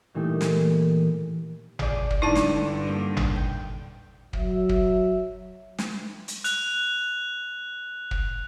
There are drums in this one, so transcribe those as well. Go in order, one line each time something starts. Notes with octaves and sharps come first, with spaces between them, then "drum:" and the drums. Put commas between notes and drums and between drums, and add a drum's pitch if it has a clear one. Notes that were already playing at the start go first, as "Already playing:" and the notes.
A#2 E3 G3 A3 D#4
drum: snare
F3 G#4 D5, drum: tom G#1
drum: kick
G2 D3 D#4 E4 D5 A5 A#5
drum: snare
F3 A#3
drum: tom G#1
G5
F#3 E5, drum: kick
drum: kick
drum: snare
drum: hi-hat
F#6 F7, drum: hi-hat
drum: kick